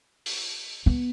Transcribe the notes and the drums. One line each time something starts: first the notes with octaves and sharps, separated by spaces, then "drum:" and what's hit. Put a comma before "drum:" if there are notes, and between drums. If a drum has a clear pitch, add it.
drum: open hi-hat
B3